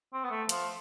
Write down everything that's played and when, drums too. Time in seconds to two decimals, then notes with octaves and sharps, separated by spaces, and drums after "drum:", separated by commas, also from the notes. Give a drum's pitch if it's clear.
0.13 C4
0.24 B3
0.31 A3
0.49 F3, drum: hi-hat